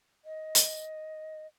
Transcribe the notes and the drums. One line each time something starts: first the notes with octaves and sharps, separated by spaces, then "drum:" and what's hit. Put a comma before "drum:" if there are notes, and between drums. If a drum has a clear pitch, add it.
D#5
drum: hi-hat